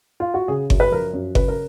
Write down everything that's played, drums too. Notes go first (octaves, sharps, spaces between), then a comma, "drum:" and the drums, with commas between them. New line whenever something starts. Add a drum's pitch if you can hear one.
F4
F#4
C#3 G#4
F#2, drum: kick G1
B4
F3 A#4
F#2
C#3 B4, drum: kick G1
A#4